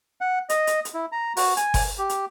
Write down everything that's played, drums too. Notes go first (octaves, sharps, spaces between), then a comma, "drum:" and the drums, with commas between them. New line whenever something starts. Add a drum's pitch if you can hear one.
F#5
D#5, drum: hi-hat
drum: hi-hat
drum: hi-hat
E4
A#5
F#4, drum: open hi-hat
G#5, drum: hi-hat
drum: kick G1, open hi-hat
G4
drum: hi-hat